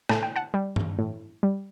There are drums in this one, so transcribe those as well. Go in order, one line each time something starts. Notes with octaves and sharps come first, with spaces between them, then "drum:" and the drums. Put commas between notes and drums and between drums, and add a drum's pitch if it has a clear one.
A2 A5, drum: rim click
G5
F#5 A5
G3
drum: tom G2
A2
G3